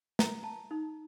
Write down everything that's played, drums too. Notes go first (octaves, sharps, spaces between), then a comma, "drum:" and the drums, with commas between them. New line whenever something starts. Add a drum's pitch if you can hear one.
A#5, drum: snare
A5
D#4